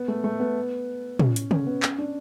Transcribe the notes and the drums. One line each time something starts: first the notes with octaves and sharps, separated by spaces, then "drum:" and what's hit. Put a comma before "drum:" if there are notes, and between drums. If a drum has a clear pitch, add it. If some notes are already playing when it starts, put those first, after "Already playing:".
Already playing: B3
A3
A3
B3
C#4, drum: tom
drum: hi-hat
C#4, drum: tom
B3
C#4, drum: clap
D4